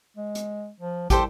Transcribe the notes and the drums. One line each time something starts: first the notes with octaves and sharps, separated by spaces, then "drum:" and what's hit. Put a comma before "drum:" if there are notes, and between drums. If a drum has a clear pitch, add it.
G#3
drum: hi-hat
F3
C2 G4 A4 C5, drum: kick, hi-hat